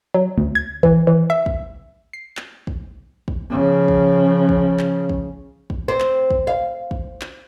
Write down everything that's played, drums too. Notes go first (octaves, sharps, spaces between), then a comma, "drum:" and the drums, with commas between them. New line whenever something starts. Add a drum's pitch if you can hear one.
F#3
D2
G#6
E3, drum: kick
E3
E5
drum: kick
C7
drum: clap
drum: kick
drum: kick
C#3 F3
drum: kick
drum: kick
drum: clap
drum: kick
drum: kick
C4
drum: clap
drum: kick
F5
drum: kick
drum: clap